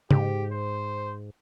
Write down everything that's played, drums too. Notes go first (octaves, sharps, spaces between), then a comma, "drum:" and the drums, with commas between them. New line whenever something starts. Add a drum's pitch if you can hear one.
G#2 G4, drum: tom
C5